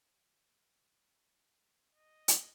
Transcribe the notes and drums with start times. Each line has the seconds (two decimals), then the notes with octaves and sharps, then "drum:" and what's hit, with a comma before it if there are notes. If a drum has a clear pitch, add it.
1.95 D#5
2.28 drum: hi-hat